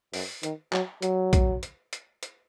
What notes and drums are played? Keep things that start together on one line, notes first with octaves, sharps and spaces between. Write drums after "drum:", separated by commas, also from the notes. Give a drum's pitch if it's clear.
F#2, drum: open hi-hat
D#3, drum: hi-hat
F#3, drum: clap
F#3, drum: hi-hat
drum: kick A#1, hi-hat
drum: hi-hat
drum: hi-hat
drum: hi-hat